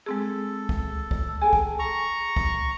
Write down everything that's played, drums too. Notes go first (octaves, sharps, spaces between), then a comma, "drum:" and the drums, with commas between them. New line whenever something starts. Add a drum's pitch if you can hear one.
G#3 C4 G#4 A4
drum: kick
drum: kick
G#4 A4 G5 G#5
drum: kick
A#5 C#6
drum: kick